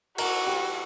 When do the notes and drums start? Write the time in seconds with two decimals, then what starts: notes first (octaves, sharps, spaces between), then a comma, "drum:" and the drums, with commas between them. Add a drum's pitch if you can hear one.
0.18 F#4 A#4, drum: cymbal
0.47 G4